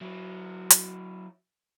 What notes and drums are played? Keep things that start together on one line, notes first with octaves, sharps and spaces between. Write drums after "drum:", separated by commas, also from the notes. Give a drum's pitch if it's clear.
F#3 E4
drum: hi-hat